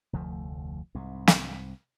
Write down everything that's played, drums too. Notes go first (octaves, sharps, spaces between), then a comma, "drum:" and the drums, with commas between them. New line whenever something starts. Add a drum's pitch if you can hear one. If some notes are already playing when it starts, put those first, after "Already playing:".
F1 D2 F3 A3
C2 G#2
drum: snare